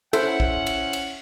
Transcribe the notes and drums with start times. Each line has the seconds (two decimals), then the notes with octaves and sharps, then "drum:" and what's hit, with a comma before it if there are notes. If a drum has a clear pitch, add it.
0.13 C#4 E4 A4 C5 F#5, drum: cymbal
0.40 drum: kick A#1
0.67 drum: cymbal
0.93 drum: cymbal